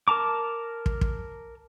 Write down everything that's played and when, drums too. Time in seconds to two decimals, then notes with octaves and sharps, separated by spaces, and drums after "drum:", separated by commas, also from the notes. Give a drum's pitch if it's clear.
0.08 A#4 A5 A#5 D6
0.86 drum: kick
1.01 drum: kick